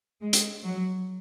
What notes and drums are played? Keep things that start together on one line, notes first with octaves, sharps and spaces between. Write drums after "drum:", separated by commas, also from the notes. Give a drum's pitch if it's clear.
G#3
drum: hi-hat
F#3